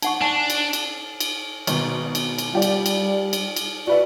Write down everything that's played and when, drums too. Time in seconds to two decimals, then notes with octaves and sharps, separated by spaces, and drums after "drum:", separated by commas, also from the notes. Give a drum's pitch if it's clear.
0.02 D#4 F#5 C#6, drum: cymbal
0.22 D4 G#5 A5
0.50 drum: cymbal
0.73 drum: cymbal
1.20 drum: cymbal
1.67 G#1 B2, drum: cymbal
2.15 drum: cymbal
2.38 drum: cymbal
2.53 G3 F4 G4 D5
2.62 drum: cymbal
2.86 drum: cymbal
3.33 drum: cymbal
3.56 drum: cymbal
3.87 F#4 B4 D5 E5